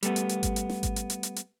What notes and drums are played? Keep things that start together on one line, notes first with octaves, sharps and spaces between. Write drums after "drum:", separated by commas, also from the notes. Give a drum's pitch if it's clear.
G3 A3 B3, drum: hi-hat
drum: hi-hat
drum: hi-hat
drum: kick G#1, hi-hat
drum: hi-hat
drum: snare
drum: kick G#1, hi-hat
drum: hi-hat
drum: hi-hat
drum: hi-hat
drum: hi-hat